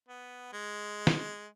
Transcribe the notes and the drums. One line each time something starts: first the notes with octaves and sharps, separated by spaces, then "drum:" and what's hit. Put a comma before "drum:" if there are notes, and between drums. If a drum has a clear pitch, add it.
B3
G#3
drum: snare